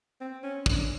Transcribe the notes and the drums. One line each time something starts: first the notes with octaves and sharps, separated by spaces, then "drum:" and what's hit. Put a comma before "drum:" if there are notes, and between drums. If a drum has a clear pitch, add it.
C4
C#4
D4, drum: kick